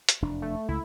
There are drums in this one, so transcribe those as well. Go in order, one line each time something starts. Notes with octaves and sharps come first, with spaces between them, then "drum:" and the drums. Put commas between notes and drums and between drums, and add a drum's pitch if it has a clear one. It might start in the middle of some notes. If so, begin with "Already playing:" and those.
drum: hi-hat
F1 E2 D4
A3
C#2 E4